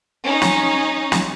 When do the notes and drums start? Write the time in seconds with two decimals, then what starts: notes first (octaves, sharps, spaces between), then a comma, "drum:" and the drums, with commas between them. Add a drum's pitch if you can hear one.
0.24 C#4 D#4
0.42 drum: snare
1.12 drum: snare